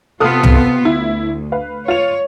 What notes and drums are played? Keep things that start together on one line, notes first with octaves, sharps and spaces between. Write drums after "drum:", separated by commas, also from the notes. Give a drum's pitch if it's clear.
C3 B3 F4 A4 D#6 F6
drum: tom C2
D2 E4
B4 F5
F4 C#5 F7